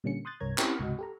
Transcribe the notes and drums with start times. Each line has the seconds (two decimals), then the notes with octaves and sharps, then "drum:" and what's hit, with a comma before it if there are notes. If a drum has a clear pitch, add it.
0.04 A#2 D3 G3 A#3 C#4 C#7
0.25 C6 D#6 F#6 G6 A6
0.40 C2 G2 A#4 C#5 A#5 G#6
0.58 C4 C#4 E4 G4 A#4, drum: clap
0.79 C#2 G#2 C3 F#4 D#5
0.99 G4 A4 A#5